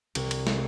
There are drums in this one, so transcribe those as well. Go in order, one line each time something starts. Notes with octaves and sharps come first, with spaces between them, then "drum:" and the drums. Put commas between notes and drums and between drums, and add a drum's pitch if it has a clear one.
C2, drum: cymbal
drum: cymbal
drum: snare